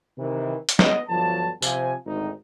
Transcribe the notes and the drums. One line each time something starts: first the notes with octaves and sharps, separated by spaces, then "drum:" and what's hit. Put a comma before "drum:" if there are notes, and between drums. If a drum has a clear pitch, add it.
C3 D#3 E3
drum: hi-hat
B3 D#5, drum: snare
G1 F3 F#3 A5
C3 F3 G#5, drum: tambourine
G#1 D2 D#4